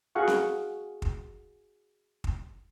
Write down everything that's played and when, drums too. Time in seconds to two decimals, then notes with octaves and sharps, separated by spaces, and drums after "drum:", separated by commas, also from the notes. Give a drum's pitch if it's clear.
0.15 F#4 G#4 F5 F#5 C#6
0.28 drum: snare C4
1.02 drum: kick
2.24 drum: kick